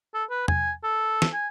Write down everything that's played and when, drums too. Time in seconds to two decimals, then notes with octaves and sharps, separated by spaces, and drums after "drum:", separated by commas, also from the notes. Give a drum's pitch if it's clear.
0.14 A4
0.30 B4
0.48 G#5, drum: tom E2
0.84 A4
1.22 drum: snare
1.33 G#5